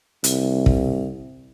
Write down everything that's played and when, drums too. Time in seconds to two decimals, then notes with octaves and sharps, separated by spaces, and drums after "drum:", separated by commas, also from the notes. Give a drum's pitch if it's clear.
0.24 C2, drum: hi-hat
0.66 drum: kick